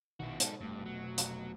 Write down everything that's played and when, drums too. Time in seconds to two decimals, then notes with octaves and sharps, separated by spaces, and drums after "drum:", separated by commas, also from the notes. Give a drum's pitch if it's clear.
0.20 A#1 B2 D#3 E4 F#4
0.40 G#2 D#4 A4, drum: hi-hat
0.61 F1 G2 A3
0.85 F#3
1.18 drum: hi-hat